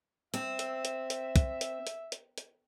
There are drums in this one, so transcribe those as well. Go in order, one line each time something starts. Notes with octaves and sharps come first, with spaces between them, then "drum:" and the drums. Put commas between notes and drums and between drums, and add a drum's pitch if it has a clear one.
C4 E5, drum: hi-hat
drum: hi-hat
drum: hi-hat
drum: hi-hat
drum: kick, hi-hat
drum: hi-hat
drum: hi-hat
drum: hi-hat
drum: hi-hat